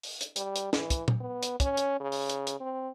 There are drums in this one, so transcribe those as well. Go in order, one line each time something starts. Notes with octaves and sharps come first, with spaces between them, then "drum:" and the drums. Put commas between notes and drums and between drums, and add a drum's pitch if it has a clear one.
drum: open hi-hat
drum: hi-hat
G3, drum: hi-hat
drum: hi-hat
E3, drum: snare
drum: kick, hi-hat
drum: tom A#2
B3
drum: hi-hat
C#4, drum: kick, hi-hat
drum: hi-hat
C#3
drum: open hi-hat
drum: hi-hat
drum: hi-hat
C4